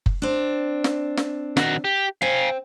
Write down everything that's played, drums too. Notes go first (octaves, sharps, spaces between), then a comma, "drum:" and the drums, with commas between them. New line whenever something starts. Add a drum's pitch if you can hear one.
drum: kick F#1
C4 D4
drum: snare
drum: snare
D#3 F#4, drum: snare
G4
C4 F5 G#5